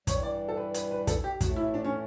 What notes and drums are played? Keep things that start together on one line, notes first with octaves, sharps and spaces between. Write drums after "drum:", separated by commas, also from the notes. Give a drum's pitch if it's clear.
G2 E3 G3 C#5, drum: kick, hi-hat
D5
A4
B4
B4, drum: hi-hat
B4
A4, drum: kick, hi-hat
G4
A2 E3 A3 F#4, drum: kick, hi-hat
E4
D4
C#4